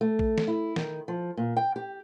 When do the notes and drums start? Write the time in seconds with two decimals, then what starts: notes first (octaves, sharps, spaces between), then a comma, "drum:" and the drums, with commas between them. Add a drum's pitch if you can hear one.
0.01 A3
0.19 drum: kick
0.38 drum: snare
0.48 E4
0.76 D#3, drum: snare
1.08 F3
1.37 A#2
1.57 G5
1.76 G4